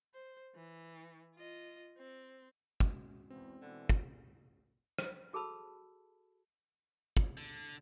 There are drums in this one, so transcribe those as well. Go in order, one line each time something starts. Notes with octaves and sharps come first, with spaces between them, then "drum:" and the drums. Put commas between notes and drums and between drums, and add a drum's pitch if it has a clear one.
C5
E3
F4 D#5
C4
G#3 C#4 F#4, drum: kick
E2 C4
B2 D3 E3
drum: kick
drum: rim click
F#4 G#4 A4 A5 B5 E6
drum: kick
D3